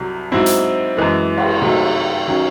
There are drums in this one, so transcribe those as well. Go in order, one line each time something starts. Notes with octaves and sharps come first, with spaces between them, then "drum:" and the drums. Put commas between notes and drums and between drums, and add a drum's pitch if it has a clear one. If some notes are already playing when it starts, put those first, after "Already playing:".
Already playing: C2 C3 F#3
G#2 F#3 C4 E4
drum: hi-hat
F#2 E3 G#3
drum: cymbal
C3 D#3 F#3 A3
D#3 F#3 C#4